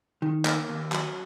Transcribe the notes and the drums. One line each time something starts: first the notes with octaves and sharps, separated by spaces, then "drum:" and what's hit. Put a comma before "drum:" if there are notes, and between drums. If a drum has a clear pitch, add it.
D#3
A#3, drum: clap
D#2
F#3, drum: clap